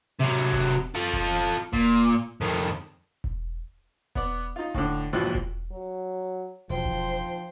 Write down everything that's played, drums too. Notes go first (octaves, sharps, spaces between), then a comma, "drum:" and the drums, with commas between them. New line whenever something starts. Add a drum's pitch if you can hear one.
C3 F#3
drum: kick E1
F4 A4
drum: kick E1
A#2, drum: kick E1
F2 D#3
drum: kick E1
B3 D5, drum: kick E1
D#4 F4
A2 D3, drum: kick E1
A#1 D#2 G#2 B2 E3 F3
drum: kick E1
F#3
E1 F3 C5 G5
drum: kick E1